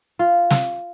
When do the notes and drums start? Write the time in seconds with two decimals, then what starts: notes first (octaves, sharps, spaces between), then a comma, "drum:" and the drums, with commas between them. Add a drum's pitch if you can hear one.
0.19 F4
0.50 drum: snare